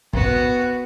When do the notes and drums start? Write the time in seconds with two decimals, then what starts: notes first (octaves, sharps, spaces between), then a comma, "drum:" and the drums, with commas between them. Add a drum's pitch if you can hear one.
0.13 B3 F#4, drum: kick